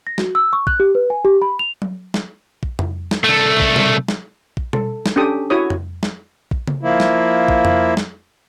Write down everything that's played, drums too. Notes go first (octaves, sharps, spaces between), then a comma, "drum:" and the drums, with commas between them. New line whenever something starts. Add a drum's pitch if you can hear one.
A#6
F#4, drum: snare
E6
C#6
F#6, drum: kick
G4
B4
G#5
G4
B5
F7
drum: tom F#3
drum: snare
drum: kick
drum: tom F2
drum: snare
C2 A3
drum: kick
drum: tom B2
drum: snare
drum: kick
A4, drum: tom B2
drum: snare
C#4 D4 G4 A4 D#6
E4 F#4 C#5 D#6
drum: tom F2
drum: snare
drum: kick
drum: tom C#3
F3 A#3 E4
drum: snare
drum: kick
drum: tom F2
drum: snare